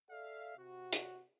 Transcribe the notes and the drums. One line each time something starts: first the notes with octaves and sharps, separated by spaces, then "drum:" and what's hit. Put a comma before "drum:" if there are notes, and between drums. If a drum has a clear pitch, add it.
A4 D5 E5 F5
C3 F#4
drum: hi-hat